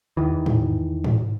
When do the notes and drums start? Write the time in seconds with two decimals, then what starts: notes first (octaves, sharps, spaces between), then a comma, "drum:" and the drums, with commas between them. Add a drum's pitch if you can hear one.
0.17 E2 D#3 E3
0.46 drum: tom G#2
1.04 drum: tom G#2